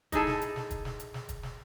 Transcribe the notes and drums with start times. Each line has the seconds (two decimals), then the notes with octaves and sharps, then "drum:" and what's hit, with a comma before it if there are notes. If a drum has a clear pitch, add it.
0.12 D#4 E4 G#4 A4, drum: kick, hi-hat
0.27 drum: snare
0.41 drum: hi-hat
0.56 drum: snare
0.70 drum: kick, hi-hat
0.85 drum: snare
1.00 drum: hi-hat
1.14 drum: snare
1.29 drum: kick, hi-hat
1.43 drum: snare